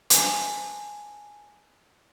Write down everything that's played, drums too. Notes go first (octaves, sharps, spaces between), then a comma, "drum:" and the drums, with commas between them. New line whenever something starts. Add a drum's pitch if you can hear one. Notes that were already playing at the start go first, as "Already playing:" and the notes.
G#5 A5, drum: hi-hat